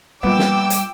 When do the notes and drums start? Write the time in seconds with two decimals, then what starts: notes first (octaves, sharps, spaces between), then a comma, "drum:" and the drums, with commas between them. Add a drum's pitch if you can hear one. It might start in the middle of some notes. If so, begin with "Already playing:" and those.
0.23 A#1 G3 B3 G5 D6 E6
0.39 drum: snare
0.70 drum: hi-hat